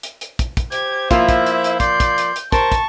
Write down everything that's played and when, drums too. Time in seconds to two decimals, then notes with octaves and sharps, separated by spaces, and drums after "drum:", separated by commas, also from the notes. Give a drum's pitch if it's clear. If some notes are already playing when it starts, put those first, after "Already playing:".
0.03 drum: hi-hat
0.21 drum: hi-hat
0.39 drum: kick, hi-hat
0.57 drum: kick, hi-hat
0.72 G4 C5 G#6, drum: hi-hat
1.11 F3 A#3 E4 F4 E5, drum: kick, hi-hat
1.29 drum: kick, hi-hat
1.46 drum: hi-hat
1.64 drum: hi-hat
1.80 D5 C6 G6, drum: kick, hi-hat
2.00 drum: kick, hi-hat
2.18 drum: hi-hat
2.36 drum: hi-hat
2.52 A#4 C5 A5 C#6, drum: kick, hi-hat
2.72 drum: kick, hi-hat